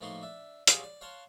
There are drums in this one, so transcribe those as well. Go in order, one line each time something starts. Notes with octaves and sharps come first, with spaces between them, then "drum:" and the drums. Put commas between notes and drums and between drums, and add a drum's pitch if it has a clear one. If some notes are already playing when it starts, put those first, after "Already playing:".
A2 F3 A#3 D#4 F#4 C6
D4 E5
F#3 F4 G4 G#4, drum: hi-hat
D5
C#5 F5 F#5 A5 C6